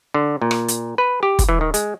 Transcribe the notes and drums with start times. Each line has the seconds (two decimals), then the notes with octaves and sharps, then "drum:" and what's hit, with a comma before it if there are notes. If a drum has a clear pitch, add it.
0.14 D3
0.42 A#2
0.51 drum: rim click
0.68 drum: hi-hat
0.98 B4
1.23 G4
1.39 drum: kick, hi-hat
1.49 E3
1.61 D#3
1.74 G#3, drum: hi-hat